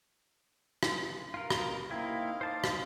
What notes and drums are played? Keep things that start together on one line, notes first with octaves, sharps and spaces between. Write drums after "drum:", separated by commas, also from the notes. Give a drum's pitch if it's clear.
drum: rim click
F4 A#4
drum: rim click
A#3 C4 D#4 E4 F5
C5 A5 D6
drum: rim click